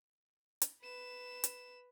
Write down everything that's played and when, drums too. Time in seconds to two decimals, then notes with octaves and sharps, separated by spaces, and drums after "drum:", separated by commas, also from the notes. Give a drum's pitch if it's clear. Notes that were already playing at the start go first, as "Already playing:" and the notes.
0.62 drum: hi-hat
0.82 B4 E7
1.44 drum: hi-hat